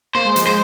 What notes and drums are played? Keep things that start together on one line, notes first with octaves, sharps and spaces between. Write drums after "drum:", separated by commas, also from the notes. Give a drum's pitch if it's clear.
A#3 C5
G#3
F3, drum: hi-hat
G#3 C5